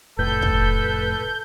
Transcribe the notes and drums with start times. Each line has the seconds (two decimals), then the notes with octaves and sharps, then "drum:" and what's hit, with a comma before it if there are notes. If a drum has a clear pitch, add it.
0.19 F1 A2 A4 B4 G6
0.42 drum: kick